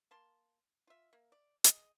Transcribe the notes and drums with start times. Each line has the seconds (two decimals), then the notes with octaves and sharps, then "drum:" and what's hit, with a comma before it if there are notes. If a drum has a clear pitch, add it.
0.11 A#3 A5 C6
0.87 F4 E5
1.13 A#3
1.32 D5
1.64 G#4 D#5, drum: hi-hat